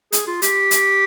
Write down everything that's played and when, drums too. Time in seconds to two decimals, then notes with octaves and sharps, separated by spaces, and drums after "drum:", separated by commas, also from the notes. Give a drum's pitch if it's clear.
0.13 G#4, drum: hi-hat
0.27 F4
0.42 G4, drum: hi-hat
0.71 drum: hi-hat